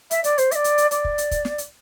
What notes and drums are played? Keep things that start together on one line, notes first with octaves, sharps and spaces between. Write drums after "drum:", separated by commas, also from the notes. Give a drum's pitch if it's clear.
E5, drum: hi-hat
D5, drum: hi-hat
C5, drum: hi-hat
E5, drum: hi-hat
D5
drum: hi-hat
drum: hi-hat
D5, drum: hi-hat
drum: kick
drum: hi-hat
drum: kick, hi-hat
drum: snare
drum: hi-hat